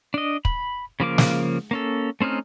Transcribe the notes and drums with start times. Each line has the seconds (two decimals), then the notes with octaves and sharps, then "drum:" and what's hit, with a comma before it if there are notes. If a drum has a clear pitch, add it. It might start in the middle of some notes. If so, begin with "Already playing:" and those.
0.14 D4 D#5
0.45 B5, drum: kick
1.00 C#3 F3 A#3 D6
1.18 drum: snare
1.71 A#3 C#4 A4
2.21 A3 C4 C#4 D#4 F6